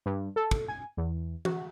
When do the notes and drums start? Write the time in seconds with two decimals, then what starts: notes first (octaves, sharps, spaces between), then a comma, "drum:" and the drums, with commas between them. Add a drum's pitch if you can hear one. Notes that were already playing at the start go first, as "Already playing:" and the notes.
0.06 G2
0.36 A4
0.51 drum: kick
0.68 G#5
0.97 E2
1.45 F#4, drum: tom